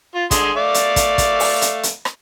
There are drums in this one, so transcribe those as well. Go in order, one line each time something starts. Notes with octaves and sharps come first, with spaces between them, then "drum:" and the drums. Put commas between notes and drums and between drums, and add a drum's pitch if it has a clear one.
F4
D3 G#4 C6, drum: kick, hi-hat
A3 D5 F5
drum: hi-hat
drum: kick, hi-hat
drum: kick, hi-hat
drum: open hi-hat
drum: hi-hat
drum: hi-hat
drum: rim click